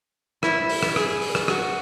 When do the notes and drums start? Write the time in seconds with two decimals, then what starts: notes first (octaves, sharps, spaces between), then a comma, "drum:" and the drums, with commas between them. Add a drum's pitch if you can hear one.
0.43 E4, drum: rim click
0.69 drum: open hi-hat
0.83 drum: rim click
0.96 G#4, drum: rim click
1.22 drum: open hi-hat
1.35 drum: rim click
1.48 F#4, drum: rim click